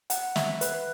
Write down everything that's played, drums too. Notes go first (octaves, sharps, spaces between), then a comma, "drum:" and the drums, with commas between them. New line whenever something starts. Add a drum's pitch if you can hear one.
F#5, drum: hi-hat
E5, drum: snare
B4, drum: hi-hat